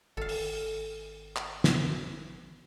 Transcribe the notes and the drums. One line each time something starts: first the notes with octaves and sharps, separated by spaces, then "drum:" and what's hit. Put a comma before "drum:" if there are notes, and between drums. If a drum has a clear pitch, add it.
G#1 A4 F5
drum: open hi-hat
drum: clap
drum: snare